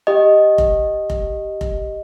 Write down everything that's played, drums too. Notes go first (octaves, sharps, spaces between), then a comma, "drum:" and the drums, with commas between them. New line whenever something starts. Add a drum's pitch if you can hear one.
G4 D#5
drum: kick F1
drum: kick F1
drum: kick F1